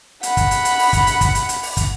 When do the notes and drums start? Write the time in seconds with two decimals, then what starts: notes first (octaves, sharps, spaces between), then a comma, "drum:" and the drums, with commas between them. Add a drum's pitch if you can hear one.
0.23 F#5 B5, drum: hi-hat
0.37 drum: kick, hi-hat
0.51 drum: hi-hat
0.65 drum: hi-hat
0.79 drum: open hi-hat
0.93 drum: kick, hi-hat
1.07 drum: hi-hat
1.21 drum: kick, hi-hat
1.35 drum: hi-hat
1.49 drum: hi-hat
1.63 drum: open hi-hat
1.77 drum: kick, hi-hat